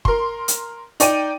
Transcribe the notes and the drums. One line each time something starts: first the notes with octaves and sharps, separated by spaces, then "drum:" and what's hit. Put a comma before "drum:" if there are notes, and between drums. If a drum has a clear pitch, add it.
A#4 C6, drum: kick
drum: hi-hat
D#4 D5 G5 D#7, drum: hi-hat